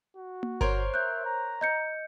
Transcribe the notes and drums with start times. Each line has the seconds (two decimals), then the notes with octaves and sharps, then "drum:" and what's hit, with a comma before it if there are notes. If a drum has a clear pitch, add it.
0.17 F#4
0.43 drum: tom A#3
0.61 A#4 C5 C#5, drum: kick G1
0.94 E5 F#6 G6
1.26 A#5
1.61 D#5 G6 C#7